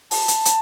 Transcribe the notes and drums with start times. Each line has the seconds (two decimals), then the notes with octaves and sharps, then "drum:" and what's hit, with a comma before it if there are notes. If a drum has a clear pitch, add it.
0.11 A5, drum: open hi-hat
0.28 drum: hi-hat
0.45 drum: hi-hat